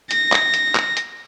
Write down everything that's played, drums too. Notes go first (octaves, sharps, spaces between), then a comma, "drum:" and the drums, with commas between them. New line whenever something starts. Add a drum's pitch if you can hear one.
A#6, drum: hi-hat
drum: clap
drum: hi-hat
drum: clap
drum: hi-hat